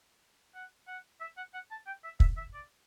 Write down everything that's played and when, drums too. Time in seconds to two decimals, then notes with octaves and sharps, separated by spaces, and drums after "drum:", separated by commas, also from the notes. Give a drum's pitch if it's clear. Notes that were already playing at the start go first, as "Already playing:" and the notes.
0.54 F#5
0.87 F#5
1.21 E5
1.37 F#5
1.54 F#5
1.71 A5
1.87 G5
2.04 E5
2.20 E5, drum: kick
2.37 E5
2.54 D5